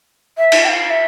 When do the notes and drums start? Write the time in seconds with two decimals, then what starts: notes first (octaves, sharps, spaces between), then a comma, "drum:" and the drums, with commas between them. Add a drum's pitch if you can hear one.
0.38 E5
0.52 drum: cymbal
0.65 G5
0.69 F5
0.90 E5